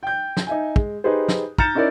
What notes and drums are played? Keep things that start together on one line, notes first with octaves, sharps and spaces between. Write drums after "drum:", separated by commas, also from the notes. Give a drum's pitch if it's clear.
G5 G6
drum: snare
D#4 E5 G#5
G#3, drum: kick
D#4 G4 G#4 B4 C5
drum: snare
A#5 F6 G6 A6 C#7 E7, drum: kick
C#4 D#4 E4 A#4 D5